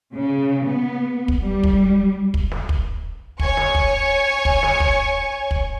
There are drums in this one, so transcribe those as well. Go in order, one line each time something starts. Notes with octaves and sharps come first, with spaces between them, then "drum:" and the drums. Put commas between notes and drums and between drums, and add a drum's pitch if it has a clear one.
C#3
B3
drum: kick
G3
drum: kick
drum: kick
drum: snare
drum: kick
C#5 G#5 C#6, drum: kick
drum: snare
drum: kick
drum: kick
drum: snare
drum: kick
drum: kick